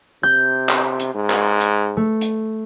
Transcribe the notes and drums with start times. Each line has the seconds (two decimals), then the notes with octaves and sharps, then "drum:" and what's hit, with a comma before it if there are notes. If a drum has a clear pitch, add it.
0.23 C3 G6
0.69 drum: clap
1.00 drum: hi-hat
1.15 G#2
1.30 drum: clap
1.60 drum: hi-hat
1.97 A3
2.21 drum: hi-hat